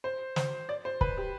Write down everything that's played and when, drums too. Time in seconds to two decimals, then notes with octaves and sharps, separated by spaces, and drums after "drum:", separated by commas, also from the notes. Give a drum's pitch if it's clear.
0.04 C5
0.36 C5, drum: snare
0.69 D5
0.85 C5
1.01 B4, drum: kick
1.17 G4